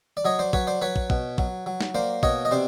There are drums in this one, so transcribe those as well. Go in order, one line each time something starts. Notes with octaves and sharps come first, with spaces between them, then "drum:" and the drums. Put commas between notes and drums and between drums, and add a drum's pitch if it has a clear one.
D5
F#3 C#5 D#5
C5 D5
F#3 B4 C#5, drum: kick
C5 D5
F#3 B4 C#5
drum: kick
B2, drum: kick
F#3, drum: kick
F#3
drum: snare
A#3 C5 D5
B2 C#5 D#5, drum: kick
D#5
C3 C5 D5